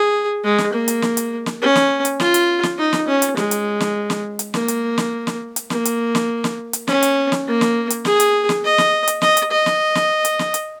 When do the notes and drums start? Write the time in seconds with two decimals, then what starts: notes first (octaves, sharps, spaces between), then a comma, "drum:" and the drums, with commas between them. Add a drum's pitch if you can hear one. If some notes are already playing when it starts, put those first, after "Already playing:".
Already playing: G#4
0.44 G#3
0.58 drum: snare
0.73 A#3
0.88 drum: hi-hat
1.02 drum: snare
1.17 drum: hi-hat
1.46 drum: snare
1.61 C#4
1.75 drum: snare
2.05 drum: hi-hat
2.20 F4, drum: snare
2.34 drum: hi-hat
2.63 drum: snare
2.78 D#4
2.93 drum: snare
3.08 C#4
3.22 drum: hi-hat
3.37 G#3, drum: snare
3.51 drum: hi-hat
3.80 drum: snare
4.10 drum: snare
4.39 drum: hi-hat
4.54 A#3, drum: snare
4.68 drum: hi-hat
4.98 drum: snare
5.27 drum: snare
5.56 drum: hi-hat
5.70 A#3, drum: snare
5.85 drum: hi-hat
6.15 drum: snare
6.44 drum: snare
6.73 drum: hi-hat
6.88 C#4, drum: snare
7.03 drum: hi-hat
7.32 drum: snare
7.47 A#3
7.61 drum: snare
7.90 drum: hi-hat
8.05 G#4, drum: snare
8.20 drum: hi-hat
8.49 drum: snare
8.64 D#5
8.78 drum: snare
9.08 drum: hi-hat
9.22 D#5, drum: snare
9.37 drum: hi-hat
9.51 D#5
9.66 drum: snare
9.95 drum: snare
10.25 drum: hi-hat
10.39 drum: snare
10.54 drum: hi-hat